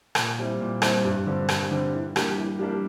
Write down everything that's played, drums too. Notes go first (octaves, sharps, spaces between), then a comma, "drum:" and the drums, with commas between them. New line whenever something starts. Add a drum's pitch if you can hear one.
A#2, drum: rim click
G3 C4 E4
A#2
G3 C4 E4, drum: rim click
G2
D3 G3 C4
G2, drum: rim click
D3 G3 C4
E3
G3 A#3 D4 G4, drum: rim click
E3
G3 A#3 D4 G4